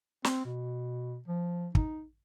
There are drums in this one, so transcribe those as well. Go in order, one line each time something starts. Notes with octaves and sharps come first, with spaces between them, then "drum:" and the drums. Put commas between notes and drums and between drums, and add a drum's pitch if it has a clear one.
C4, drum: snare
B2
F3
D#4, drum: kick